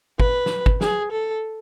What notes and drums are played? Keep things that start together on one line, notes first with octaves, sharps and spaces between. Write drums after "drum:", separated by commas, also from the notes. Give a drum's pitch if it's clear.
B4, drum: kick G1
drum: snare
drum: kick G1
G#4, drum: snare
A4